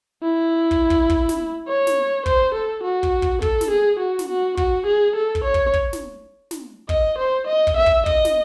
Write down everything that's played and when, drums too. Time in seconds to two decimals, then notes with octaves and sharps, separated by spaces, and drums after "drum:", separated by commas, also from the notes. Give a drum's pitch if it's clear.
0.23 E4
0.71 drum: kick
0.90 drum: kick
1.10 drum: kick
1.29 drum: snare
1.68 C#5
1.87 drum: snare
2.26 C5, drum: kick
2.55 A4
2.83 F#4
3.03 drum: kick
3.22 drum: kick
3.42 A4, drum: kick
3.61 drum: snare
3.70 G#4
3.99 F#4
4.19 drum: snare
4.29 F#4
4.57 F#4, drum: kick
4.86 G#4
5.16 A4
5.35 drum: kick
5.44 C#5
5.54 drum: kick
5.74 drum: kick
5.93 drum: snare
6.51 drum: snare
6.89 D#5, drum: kick
7.19 C5
7.47 D#5
7.67 drum: kick
7.77 E5
7.86 drum: kick
8.06 D#5, drum: kick
8.25 drum: snare